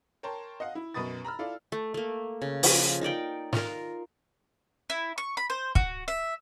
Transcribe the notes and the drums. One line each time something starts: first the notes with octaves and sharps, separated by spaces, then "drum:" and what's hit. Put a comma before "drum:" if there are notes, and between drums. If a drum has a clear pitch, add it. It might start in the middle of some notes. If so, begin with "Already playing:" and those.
A#4 C#5 G5 A5 A#5 C6
D#5 F5 F#5
E4
F#2 B2 B4 D#6 A6
A#5 B5 E6 F6
E4 F4 A4 D5
A3
A3 A#3
C#3
F3, drum: open hi-hat
D#4 A#4 D5 G5
F4 A#4, drum: snare
E4
C#6
B5
C5
F#4, drum: kick
E5